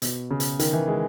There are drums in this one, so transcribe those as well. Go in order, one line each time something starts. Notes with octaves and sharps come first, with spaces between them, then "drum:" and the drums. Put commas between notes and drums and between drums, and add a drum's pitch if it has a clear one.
B2, drum: hi-hat
C#3
drum: hi-hat
D#3, drum: hi-hat
E3
G#3